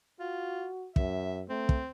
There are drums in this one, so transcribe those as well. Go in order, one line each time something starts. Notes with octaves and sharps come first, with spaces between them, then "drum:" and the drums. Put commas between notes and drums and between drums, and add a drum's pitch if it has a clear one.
F4 F#4
F#2 E5, drum: kick
A3 C4
drum: kick